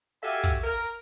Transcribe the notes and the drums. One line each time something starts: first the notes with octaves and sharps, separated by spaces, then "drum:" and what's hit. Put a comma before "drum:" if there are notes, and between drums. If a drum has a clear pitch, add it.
F#4 G4 A4 E5 F5 G#5, drum: hi-hat
drum: kick, hi-hat
A#4, drum: hi-hat
drum: hi-hat